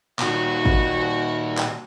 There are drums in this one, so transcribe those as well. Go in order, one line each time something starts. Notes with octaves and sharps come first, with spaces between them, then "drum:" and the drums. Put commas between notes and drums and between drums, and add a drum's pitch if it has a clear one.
A#2 D#3 F#4, drum: clap
drum: kick
drum: clap